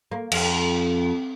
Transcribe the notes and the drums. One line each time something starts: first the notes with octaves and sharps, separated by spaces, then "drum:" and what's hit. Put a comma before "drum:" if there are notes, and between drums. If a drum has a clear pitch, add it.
A#3
F2, drum: cymbal